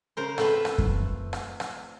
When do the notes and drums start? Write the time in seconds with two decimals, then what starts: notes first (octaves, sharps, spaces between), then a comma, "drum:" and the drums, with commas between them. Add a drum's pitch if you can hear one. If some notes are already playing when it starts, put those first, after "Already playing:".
0.17 C#3 A#4 C5
0.38 A3 C4 F4 B4 E5, drum: rim click
0.65 drum: rim click
0.78 drum: kick F#2
1.33 drum: rim click
1.60 drum: rim click